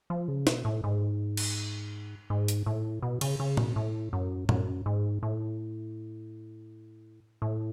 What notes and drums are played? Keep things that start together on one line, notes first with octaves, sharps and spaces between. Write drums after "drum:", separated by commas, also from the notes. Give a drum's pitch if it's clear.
F3
C#3
B2, drum: snare
A2
G#2
drum: cymbal
G#2
drum: hi-hat
A2
B2
C#3, drum: cymbal
C#3
B2, drum: tom A2
A2
F#2
F#2, drum: tom A2
G#2
A2
A2